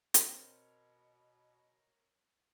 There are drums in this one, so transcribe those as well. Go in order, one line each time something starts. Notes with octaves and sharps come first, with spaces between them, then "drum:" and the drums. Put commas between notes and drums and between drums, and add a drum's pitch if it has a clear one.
B2 C4 A#4 C5 C#5 F#5, drum: hi-hat